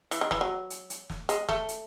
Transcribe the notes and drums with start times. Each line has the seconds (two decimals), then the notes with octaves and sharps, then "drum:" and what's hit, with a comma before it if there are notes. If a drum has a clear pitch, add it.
0.11 E3, drum: hi-hat
0.21 D#3
0.31 E3, drum: snare
0.41 F#3
0.70 drum: hi-hat
0.90 drum: hi-hat
1.10 drum: snare
1.29 G#3, drum: hi-hat
1.49 A3, drum: snare
1.69 drum: hi-hat